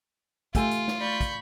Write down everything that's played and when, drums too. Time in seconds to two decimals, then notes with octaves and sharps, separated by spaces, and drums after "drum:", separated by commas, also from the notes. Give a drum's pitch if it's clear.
0.55 A3 F4 G4 A4 G#5, drum: kick, hi-hat
0.71 drum: hi-hat
0.88 drum: snare
1.00 D5 B5 C#6 G6
1.21 drum: kick, hi-hat